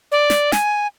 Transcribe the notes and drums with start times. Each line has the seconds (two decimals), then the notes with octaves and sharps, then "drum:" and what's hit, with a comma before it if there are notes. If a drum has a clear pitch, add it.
0.12 D5
0.30 drum: snare
0.52 G#5, drum: snare